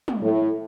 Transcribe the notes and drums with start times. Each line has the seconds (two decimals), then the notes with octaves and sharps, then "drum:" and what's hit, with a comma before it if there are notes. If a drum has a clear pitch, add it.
0.08 drum: tom
0.21 A2